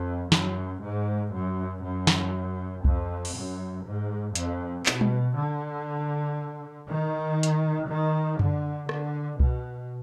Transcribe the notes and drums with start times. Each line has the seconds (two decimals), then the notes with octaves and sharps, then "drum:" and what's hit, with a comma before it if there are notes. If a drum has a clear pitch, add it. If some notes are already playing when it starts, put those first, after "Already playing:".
Already playing: F2
0.32 F#2, drum: snare
0.83 G#2
1.33 F#2
1.84 F#2
2.07 drum: snare
2.84 F2, drum: kick C2
3.25 drum: open hi-hat
3.35 F#2
3.86 G#2
4.35 F2, drum: hi-hat
4.86 B2, drum: clap
5.01 drum: tom G3
5.37 D3
6.88 D#3
7.43 drum: hi-hat
7.88 D#3
8.39 D3, drum: tom F#2
8.89 D3, drum: rim click
9.40 B2, drum: kick C2